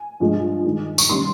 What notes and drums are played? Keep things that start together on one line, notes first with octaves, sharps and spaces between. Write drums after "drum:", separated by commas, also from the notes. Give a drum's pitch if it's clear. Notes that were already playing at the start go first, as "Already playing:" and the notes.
Already playing: G#5
G2 F3 G#3
D#3 G#3 D#4
C#6, drum: tambourine
D#3 G3 C#4 C6